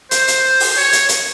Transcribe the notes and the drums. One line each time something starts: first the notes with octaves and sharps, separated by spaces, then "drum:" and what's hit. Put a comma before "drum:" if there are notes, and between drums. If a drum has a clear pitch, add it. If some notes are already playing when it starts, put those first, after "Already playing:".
C5, drum: hi-hat
drum: hi-hat
drum: open hi-hat
C#5
drum: hi-hat
drum: hi-hat